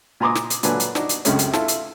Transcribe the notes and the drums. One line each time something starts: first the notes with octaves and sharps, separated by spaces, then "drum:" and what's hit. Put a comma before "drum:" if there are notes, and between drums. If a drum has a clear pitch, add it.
A#2 G#5 A#5 C6 D6 D#6
drum: snare
drum: hi-hat
A#2 D3 F#3 D4 B4 G#5, drum: hi-hat
drum: hi-hat
D4 D#4 F#4, drum: snare
drum: hi-hat
C#2 F#2 C3 G#3 A3 C#4, drum: hi-hat
drum: hi-hat
E4 F4 A4, drum: snare
drum: hi-hat